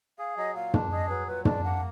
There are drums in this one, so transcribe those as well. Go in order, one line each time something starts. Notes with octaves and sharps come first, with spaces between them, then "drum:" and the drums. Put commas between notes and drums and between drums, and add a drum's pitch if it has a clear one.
G#4 F5
F#3 D#5
A#2 F5
D4, drum: tom
G#4 D#5
F#3 B4
A#2 B4
D4 D5, drum: tom
A#3 F#5